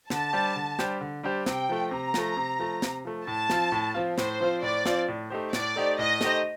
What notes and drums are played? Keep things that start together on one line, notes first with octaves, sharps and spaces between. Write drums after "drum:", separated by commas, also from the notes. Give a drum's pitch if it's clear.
D3 A5, drum: snare
G3 D4 G4 C5
D3
G3 D4 G4 C5, drum: snare
D3
G3 D4 G4 C5
C3 G5, drum: snare
F3 A3
C3 A#5
F3 A3, drum: snare
C3
F3 A3
C3, drum: snare
F3 A3
A2 A5
F3 C4 F4, drum: snare
A2
F3 C4 F4
A2 C5, drum: snare
F3 C4 F4
A2 D5
F3 C4 F4, drum: snare
A2
A3 D#4 G4 C5
A2 D5, drum: snare
A3 D#4 G4 C5
A2 D#5
A3 D#4 G4 C5, drum: snare